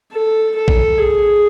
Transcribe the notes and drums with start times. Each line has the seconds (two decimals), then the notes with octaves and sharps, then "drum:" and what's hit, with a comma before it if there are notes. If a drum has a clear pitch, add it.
0.13 A4
0.56 A4
0.68 drum: kick A#1
0.98 G#4